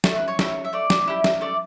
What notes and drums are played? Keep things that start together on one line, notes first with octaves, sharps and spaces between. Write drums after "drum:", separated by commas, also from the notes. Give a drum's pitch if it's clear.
A3 C#5, drum: snare
B4
C#5
E4 G4, drum: snare
E5
A3 D5
drum: snare
E4 G4
drum: snare
A3 D5